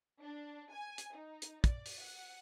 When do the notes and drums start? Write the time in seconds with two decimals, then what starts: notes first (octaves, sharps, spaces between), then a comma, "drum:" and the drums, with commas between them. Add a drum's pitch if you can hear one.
0.21 D4
0.72 G#5
0.98 drum: hi-hat
1.15 D#4
1.42 drum: hi-hat
1.64 D5, drum: kick, hi-hat
1.86 drum: open hi-hat
2.01 F#5